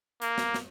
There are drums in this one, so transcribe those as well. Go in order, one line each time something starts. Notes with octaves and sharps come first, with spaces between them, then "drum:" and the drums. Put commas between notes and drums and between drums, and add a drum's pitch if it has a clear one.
A#3, drum: hi-hat
drum: snare
drum: snare